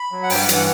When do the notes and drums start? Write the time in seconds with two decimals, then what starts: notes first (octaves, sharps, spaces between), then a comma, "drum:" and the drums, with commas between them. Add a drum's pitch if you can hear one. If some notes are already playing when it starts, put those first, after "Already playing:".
Already playing: B5
0.12 F#3
0.23 F#5
0.30 G2 G5, drum: open hi-hat
0.43 F#5
0.49 E3, drum: hi-hat
0.55 F#5